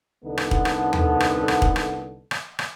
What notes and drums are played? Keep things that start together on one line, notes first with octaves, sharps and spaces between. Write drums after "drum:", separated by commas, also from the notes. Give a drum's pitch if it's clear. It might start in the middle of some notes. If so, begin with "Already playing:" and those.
C2 D3 B3 D#4 A4
drum: rim click
drum: kick E1
drum: rim click
drum: tom D#2
drum: rim click
drum: rim click
drum: kick E1
drum: rim click
drum: rim click
drum: rim click